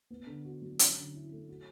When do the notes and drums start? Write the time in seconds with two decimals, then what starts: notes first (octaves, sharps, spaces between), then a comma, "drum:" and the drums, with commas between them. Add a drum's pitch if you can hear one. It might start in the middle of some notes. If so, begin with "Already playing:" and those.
0.10 B3
0.27 D3
0.45 F#4
0.62 F#3
0.79 C#4, drum: hi-hat
0.97 D3
1.14 E4
1.32 A3
1.49 F#4